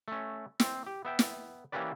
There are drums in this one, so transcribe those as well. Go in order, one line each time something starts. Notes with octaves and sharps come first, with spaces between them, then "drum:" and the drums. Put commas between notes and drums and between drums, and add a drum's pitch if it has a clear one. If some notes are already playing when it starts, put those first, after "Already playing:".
A3 C#4
C4, drum: snare
G4
B3 E5 G5
drum: snare
E3 A#3 C#4 G4 B4 D5